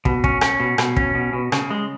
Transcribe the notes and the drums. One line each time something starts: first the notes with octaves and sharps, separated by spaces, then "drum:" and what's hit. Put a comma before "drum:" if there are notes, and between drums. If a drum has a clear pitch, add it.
B2, drum: kick
C#4, drum: kick
C#4, drum: rim click
B2
B2, drum: rim click
C#4, drum: kick
B2
B2
C#3, drum: rim click
G#3